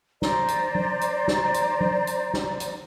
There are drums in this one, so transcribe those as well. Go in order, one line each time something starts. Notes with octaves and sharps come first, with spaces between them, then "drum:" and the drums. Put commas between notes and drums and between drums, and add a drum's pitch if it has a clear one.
C5 D5 A#5, drum: snare
drum: hi-hat
drum: tom F#3
drum: hi-hat
drum: snare
drum: hi-hat
drum: tom F#3
drum: hi-hat
drum: snare
drum: hi-hat